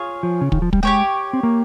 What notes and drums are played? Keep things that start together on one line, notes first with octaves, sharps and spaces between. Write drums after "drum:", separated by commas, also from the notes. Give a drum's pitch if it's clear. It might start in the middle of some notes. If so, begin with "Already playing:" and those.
Already playing: F4 G#4 C#5 F5
F3
C#3
D#3, drum: kick
F3
G3, drum: kick
G#3 G4 C#5 G5
C4
A#3